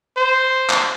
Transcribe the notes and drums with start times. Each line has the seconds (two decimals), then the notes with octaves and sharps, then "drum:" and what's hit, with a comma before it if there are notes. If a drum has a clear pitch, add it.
0.17 C5
0.70 drum: clap